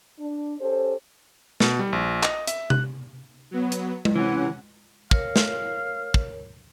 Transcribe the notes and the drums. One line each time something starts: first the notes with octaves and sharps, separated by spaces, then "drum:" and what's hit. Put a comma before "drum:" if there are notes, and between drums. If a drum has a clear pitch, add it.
D4
C#4 G4 A4 C5
B2, drum: snare
G3
A#1
D#5, drum: clap
E5, drum: hi-hat
F#6, drum: tom C3
F#3 B3
drum: hi-hat
drum: tom G#3
C3 E3 C#4 F#5
A#4 C#5 F5, drum: kick
drum: snare
drum: kick